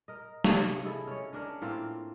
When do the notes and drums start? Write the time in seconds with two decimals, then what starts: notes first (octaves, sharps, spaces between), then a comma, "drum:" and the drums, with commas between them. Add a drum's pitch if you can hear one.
0.08 A#4 D#5
0.44 C3 C#5, drum: snare
0.85 E4 G#4 A4 D#5
1.07 C#4 C#5
1.33 C#4 D4 A#4
1.62 A2 A#3 C4 F4